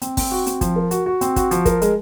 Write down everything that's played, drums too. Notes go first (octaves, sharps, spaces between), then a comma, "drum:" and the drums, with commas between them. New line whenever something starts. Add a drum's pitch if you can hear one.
C4, drum: hi-hat
C4, drum: kick, open hi-hat
F#4
C4, drum: hi-hat
F3, drum: kick, hi-hat
A#4
F#4, drum: hi-hat
F#4
C4, drum: hi-hat
F#4, drum: kick, hi-hat
F3, drum: hi-hat
A#4, drum: kick, hi-hat
G#3, drum: hi-hat